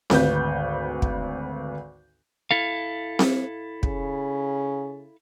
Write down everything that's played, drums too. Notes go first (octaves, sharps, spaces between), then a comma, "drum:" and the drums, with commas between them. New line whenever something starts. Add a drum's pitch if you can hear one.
G#1 D2 B4 G6, drum: snare C4
drum: kick
E4 A4 F5
drum: snare C4
C#3, drum: kick